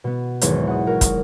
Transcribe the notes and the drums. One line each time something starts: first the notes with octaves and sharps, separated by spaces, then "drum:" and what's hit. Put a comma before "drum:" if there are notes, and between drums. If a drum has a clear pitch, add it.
B2 B3
G#1 E2 F#3 B4 C#5, drum: hi-hat
F#5 D#6
F#4 A#4 C#5
drum: kick, hi-hat